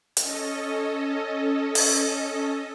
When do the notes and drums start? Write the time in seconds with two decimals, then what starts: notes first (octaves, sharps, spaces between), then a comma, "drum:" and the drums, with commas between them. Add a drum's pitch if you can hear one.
0.17 C#4 A4 D#5, drum: hi-hat
1.75 drum: open hi-hat